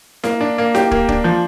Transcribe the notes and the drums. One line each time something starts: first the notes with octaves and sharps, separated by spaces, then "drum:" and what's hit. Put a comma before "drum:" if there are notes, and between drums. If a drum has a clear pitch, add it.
A#3, drum: snare E4
D4
A#3
G4, drum: snare E4
A#3, drum: kick
D4, drum: kick
F3